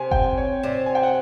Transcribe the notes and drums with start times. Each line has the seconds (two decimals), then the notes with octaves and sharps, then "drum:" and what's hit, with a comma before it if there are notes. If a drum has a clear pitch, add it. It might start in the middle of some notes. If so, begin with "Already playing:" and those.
Already playing: C3 G#5
0.11 G5, drum: kick F#1
0.38 C#5
0.63 C3 D5
0.86 G#5
0.95 G5
1.03 F#5